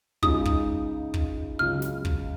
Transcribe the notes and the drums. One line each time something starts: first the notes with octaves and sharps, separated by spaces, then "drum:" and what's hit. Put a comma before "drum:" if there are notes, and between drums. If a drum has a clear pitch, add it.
C#2 C#3 G#3 D#4 D#6, drum: kick
drum: kick
drum: kick
C#2 C#3 F#3 F6
drum: snare
drum: kick